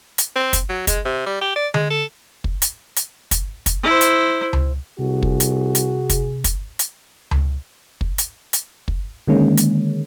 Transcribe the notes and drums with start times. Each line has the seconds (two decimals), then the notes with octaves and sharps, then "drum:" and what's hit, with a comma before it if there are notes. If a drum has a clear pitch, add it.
0.18 drum: hi-hat
0.36 C4
0.53 drum: kick, hi-hat
0.69 F#3
0.87 G#3, drum: kick, hi-hat
1.05 C3
1.26 G3
1.41 G4
1.56 D5
1.74 G#3, drum: tom D3
1.90 A4
2.44 drum: kick
2.62 drum: hi-hat
2.96 drum: hi-hat
3.31 drum: kick, hi-hat
3.66 drum: kick, hi-hat
3.83 E4 C5
4.01 drum: hi-hat
4.53 drum: tom C#2
4.99 C2 C3 F#4 G#4
5.23 drum: kick
5.40 drum: hi-hat
5.75 drum: hi-hat
6.09 drum: kick, hi-hat
6.44 drum: kick, hi-hat
6.79 drum: hi-hat
7.31 drum: tom C#2
8.01 drum: kick
8.18 drum: hi-hat
8.53 drum: hi-hat
8.88 drum: kick
9.27 D3 D#3 G#3 A#3 C#4
9.57 drum: hi-hat